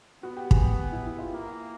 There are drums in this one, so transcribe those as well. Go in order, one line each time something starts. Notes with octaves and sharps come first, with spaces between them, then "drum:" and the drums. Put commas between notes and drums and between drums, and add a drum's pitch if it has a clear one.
B3 F#4
G4
G#4, drum: kick
G4
E4
E4
F4
A#3 E4